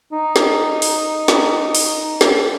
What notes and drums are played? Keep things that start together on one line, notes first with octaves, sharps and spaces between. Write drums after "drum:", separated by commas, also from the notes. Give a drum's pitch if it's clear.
D#4
drum: snare
drum: open hi-hat
drum: snare
drum: open hi-hat
drum: snare